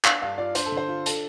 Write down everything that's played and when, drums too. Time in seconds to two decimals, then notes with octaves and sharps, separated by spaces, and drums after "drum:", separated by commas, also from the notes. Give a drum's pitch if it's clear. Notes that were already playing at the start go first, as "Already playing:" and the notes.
0.05 D4 F5, drum: clap
0.21 G2 F5
0.38 F4 D5
0.55 D4 C5, drum: hi-hat
0.66 A4
0.72 D3
0.77 C5
0.88 F4
1.06 D4 A4, drum: hi-hat